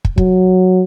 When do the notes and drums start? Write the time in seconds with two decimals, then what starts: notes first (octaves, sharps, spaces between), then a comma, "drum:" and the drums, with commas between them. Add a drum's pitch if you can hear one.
0.05 drum: kick
0.18 F#3, drum: kick